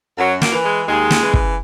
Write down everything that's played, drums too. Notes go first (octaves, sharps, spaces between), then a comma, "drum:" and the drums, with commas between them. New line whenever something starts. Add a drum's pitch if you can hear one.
F#2 F#3
A#3, drum: snare
E3
G#3
D#2 G#3
drum: snare
C#3 E3
drum: kick